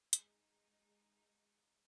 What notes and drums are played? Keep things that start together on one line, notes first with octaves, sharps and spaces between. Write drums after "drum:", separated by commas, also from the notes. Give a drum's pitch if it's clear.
G#3 D#4, drum: hi-hat